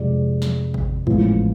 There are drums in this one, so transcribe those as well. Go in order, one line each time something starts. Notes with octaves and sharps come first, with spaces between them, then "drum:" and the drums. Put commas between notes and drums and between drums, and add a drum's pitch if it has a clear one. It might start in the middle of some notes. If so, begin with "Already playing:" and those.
Already playing: F2 C3 G#3 D5
drum: snare
drum: kick G#1
A1 G#2 F3 B3, drum: kick G#1